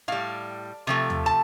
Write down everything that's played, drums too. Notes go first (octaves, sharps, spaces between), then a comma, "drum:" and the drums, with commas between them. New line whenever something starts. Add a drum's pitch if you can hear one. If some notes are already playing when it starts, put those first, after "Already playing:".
A2 G3 F5
C3 F3 A3
drum: tom
A5